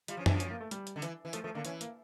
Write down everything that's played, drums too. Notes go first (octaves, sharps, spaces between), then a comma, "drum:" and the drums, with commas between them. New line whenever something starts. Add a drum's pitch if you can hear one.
G3 F4, drum: hi-hat
F3 C#4
E3, drum: tom F#2
D4
F3
C#4, drum: hi-hat
A#3
A3
G3, drum: hi-hat
drum: hi-hat
D3
E3, drum: hi-hat
E3
F3 A3, drum: hi-hat
F3 A3
D3 A#3
E3 C#4, drum: hi-hat
A#3, drum: hi-hat